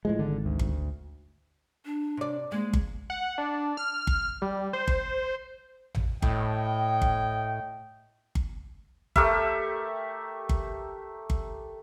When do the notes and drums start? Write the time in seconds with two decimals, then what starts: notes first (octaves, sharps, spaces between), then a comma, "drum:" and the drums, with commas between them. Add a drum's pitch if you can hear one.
0.05 A2 F3 G#3
0.19 G#1 D3
0.45 D2
0.59 drum: kick G1
1.85 D4
2.17 C3 D5
2.52 G#3 A#3
2.73 drum: kick G1
3.10 F#5
3.38 D4
3.77 F6
4.07 drum: kick G1
4.42 G3
4.73 C5
4.88 drum: kick G1
5.95 drum: tom A1
6.22 A2 C#5 D#5 G5, drum: kick G1
7.02 drum: kick G1
8.35 drum: kick G1
9.16 A3 G4 A#4 E5, drum: kick G1
10.49 drum: kick G1
11.30 drum: kick G1